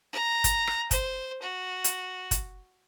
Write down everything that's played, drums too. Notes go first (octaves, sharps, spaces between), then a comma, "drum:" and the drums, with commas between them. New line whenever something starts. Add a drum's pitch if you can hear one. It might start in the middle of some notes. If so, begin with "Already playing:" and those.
A#5
drum: kick, hi-hat
drum: rim click
C5, drum: kick, hi-hat
F#4
drum: hi-hat
drum: kick, hi-hat